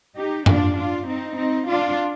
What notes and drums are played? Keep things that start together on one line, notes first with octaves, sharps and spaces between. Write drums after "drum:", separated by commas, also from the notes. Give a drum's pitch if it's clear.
D#4 G4
D4 F4, drum: tom F#2
D4 F4
C4 D#4
C4 D#4
D4 F4